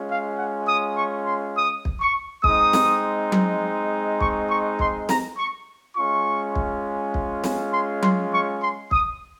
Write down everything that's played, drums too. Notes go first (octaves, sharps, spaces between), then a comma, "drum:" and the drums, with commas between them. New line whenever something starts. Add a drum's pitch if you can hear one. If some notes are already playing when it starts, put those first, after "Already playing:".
Already playing: G#3 C#4 F4
F5
F#5
D#6
C#6
C6
D#6
drum: kick
C#6
G#3 C4 D#4 D#6, drum: kick
drum: snare
drum: tom F#3
C#6, drum: kick
C#6
C6, drum: kick
A#5, drum: snare
C#6
G#3 C#4 F4 C#6
drum: kick
drum: kick
drum: snare
C6
C6, drum: tom F#3
C#6
C6
D#6, drum: kick